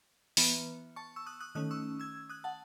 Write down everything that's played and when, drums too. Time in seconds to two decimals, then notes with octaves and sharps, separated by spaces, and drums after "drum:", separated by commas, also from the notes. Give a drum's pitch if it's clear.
0.37 E3 B3, drum: open hi-hat
0.96 A5 C#6
1.16 C#6 E6
1.26 D#6 F#6
1.40 D#6 F#6
1.55 D#3 A3 C#4 D#6 F#6
1.71 C#6 E6
2.00 E6 G#6
2.29 D#6 F#6
2.44 F#5 A5